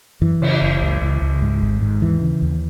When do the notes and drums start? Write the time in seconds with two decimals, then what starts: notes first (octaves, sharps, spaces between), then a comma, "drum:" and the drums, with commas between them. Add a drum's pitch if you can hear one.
0.22 F#2 E3
0.42 C#3, drum: cymbal
0.62 F#1
0.82 C#2
1.02 C#2
1.22 C#2
1.42 G#2
1.62 G#1
1.82 G#2
2.01 D#2 E3
2.22 C#3
2.42 D#2